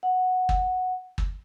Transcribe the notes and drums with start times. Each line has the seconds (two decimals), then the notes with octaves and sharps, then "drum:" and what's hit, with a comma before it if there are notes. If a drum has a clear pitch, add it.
0.03 F#5
0.49 drum: kick
1.18 drum: kick